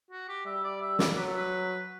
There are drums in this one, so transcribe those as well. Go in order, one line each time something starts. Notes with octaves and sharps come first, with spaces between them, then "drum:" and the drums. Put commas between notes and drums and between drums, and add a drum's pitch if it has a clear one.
F#4
G4
G3 E5
D5
E5
D5, drum: snare
F#3 B4
A4
B4